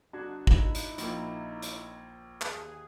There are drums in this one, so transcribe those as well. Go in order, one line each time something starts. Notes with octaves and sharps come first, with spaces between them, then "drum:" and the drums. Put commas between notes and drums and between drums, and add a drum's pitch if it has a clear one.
G1 D3 D4 D#4 F#4 G#6
D#4 E4, drum: kick
drum: hi-hat
A#1 A#3, drum: hi-hat
drum: hi-hat
D#2 G#4 F#6, drum: clap